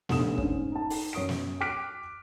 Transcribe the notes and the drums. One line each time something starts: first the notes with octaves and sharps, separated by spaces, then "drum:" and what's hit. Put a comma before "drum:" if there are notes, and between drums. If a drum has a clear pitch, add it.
F1 A#1 B3 D#6 E7, drum: snare
G#2 C#4, drum: kick
D#4 A5
drum: open hi-hat
F#2 C#5 D#6 D7
drum: snare
D6 F6 F#6 B6 D7